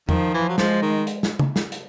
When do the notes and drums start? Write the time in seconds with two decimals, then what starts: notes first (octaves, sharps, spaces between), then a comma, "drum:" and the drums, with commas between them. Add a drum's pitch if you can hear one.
0.09 D#3 F3, drum: tom E2
0.34 E3
0.49 F#3
0.58 F3 G#3, drum: snare
0.82 D#3
1.07 drum: hi-hat
1.23 drum: snare
1.39 drum: tom
1.56 drum: snare
1.72 drum: hi-hat